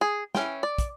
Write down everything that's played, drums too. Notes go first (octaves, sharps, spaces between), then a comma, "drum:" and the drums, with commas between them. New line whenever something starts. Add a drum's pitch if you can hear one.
G#4
E3 C#4 G5, drum: snare
D5
drum: kick, hi-hat